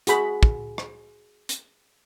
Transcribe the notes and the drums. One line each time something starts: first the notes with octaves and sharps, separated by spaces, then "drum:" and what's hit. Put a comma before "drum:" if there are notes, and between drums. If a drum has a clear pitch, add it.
F#4 G#4 B5, drum: hi-hat
drum: kick
drum: rim click
drum: hi-hat